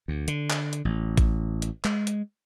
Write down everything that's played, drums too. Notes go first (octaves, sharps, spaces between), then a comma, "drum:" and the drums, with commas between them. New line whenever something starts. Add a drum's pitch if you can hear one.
D2
D3, drum: hi-hat
drum: clap
drum: hi-hat
A1
drum: kick A1, hi-hat
drum: hi-hat
G#3, drum: clap
drum: hi-hat